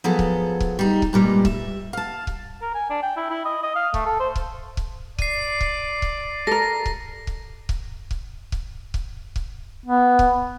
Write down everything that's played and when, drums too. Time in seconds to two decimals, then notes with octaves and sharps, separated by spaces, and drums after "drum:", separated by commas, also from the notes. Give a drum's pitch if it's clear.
0.04 F3 F#3 B3 G#4 A4
0.19 drum: kick C#1
0.60 drum: kick C#1
0.79 G3 D#4
1.02 drum: kick C#1
1.13 G2 A#2 G3 G#3
1.45 E5, drum: kick C#1
1.93 F5 A5
2.27 drum: kick C#1
2.61 A#4
2.75 G#5
2.90 D4
3.02 G5
3.16 E4
3.30 E4
3.45 D#5
3.63 D#5
3.76 F5
3.94 A3, drum: kick C#1
4.06 A4
4.20 C5
4.36 drum: kick C#1
4.77 drum: kick C#1
5.19 D5 C7 D#7, drum: kick C#1
5.61 drum: kick C#1
6.02 drum: kick C#1
6.47 A4 A#4 A#6
6.86 drum: kick C#1
7.27 drum: kick C#1
7.69 drum: kick C#1
8.11 drum: kick C#1
8.52 drum: kick C#1
8.94 drum: kick C#1
9.36 drum: kick C#1
9.86 B3
10.19 drum: kick C#1